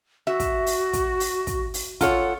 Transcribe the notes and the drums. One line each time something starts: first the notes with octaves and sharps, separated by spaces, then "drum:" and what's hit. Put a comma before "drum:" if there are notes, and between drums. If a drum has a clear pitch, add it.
F#4 E5
drum: kick, hi-hat
drum: open hi-hat
drum: kick, hi-hat
drum: open hi-hat
drum: kick, hi-hat
drum: open hi-hat
F4 A4 C#5 F#5, drum: kick, hi-hat